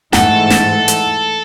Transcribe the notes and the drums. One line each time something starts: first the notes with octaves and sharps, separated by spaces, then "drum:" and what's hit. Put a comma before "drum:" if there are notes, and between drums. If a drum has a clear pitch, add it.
G#2 E3 A3 A4 F#5, drum: snare
drum: snare
drum: hi-hat